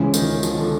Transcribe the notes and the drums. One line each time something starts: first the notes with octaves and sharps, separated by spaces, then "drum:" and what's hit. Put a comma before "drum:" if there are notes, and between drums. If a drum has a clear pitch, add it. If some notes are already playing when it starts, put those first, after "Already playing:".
Already playing: C#2 C#3 E3 F3 G#3 C#4
D#3, drum: tambourine
F3, drum: tambourine
D#3
D3